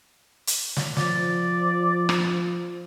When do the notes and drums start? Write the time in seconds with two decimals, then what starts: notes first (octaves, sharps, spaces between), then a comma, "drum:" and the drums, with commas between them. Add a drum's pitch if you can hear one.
0.47 drum: hi-hat
0.76 drum: snare
0.97 F3 D5, drum: snare
2.09 drum: rim click